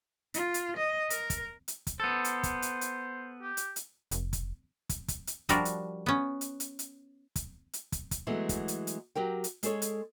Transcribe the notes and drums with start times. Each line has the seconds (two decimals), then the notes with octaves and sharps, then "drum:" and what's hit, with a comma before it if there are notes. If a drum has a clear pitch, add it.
0.34 F4, drum: hi-hat
0.54 drum: hi-hat
0.77 D#5
1.10 A#4, drum: hi-hat
1.30 drum: kick, hi-hat
1.68 drum: hi-hat
1.87 drum: kick, hi-hat
2.00 B3 A4 C5
2.24 drum: hi-hat
2.43 drum: kick, hi-hat
2.62 drum: hi-hat
2.81 drum: hi-hat
3.42 G4
3.57 drum: hi-hat
3.76 drum: hi-hat
4.11 F1, drum: hi-hat
4.33 drum: kick, hi-hat
4.89 drum: kick, hi-hat
5.08 drum: kick, hi-hat
5.27 drum: hi-hat
5.49 F3 G3 D4 F#4 A#4 D5, drum: kick, hi-hat
5.65 drum: hi-hat
6.06 B3 C#4
6.41 drum: hi-hat
6.60 drum: hi-hat
6.79 drum: hi-hat
7.36 drum: kick, hi-hat
7.73 drum: hi-hat
7.92 drum: kick, hi-hat
8.11 drum: kick, hi-hat
8.27 E3 F#3 G#3 A3 B3 E4
8.49 drum: kick, hi-hat
8.68 drum: hi-hat
8.87 drum: hi-hat
9.15 F#3 G4 A#4 G5
9.44 drum: hi-hat
9.63 G#3 G#4 A4 C#5, drum: hi-hat
9.82 drum: hi-hat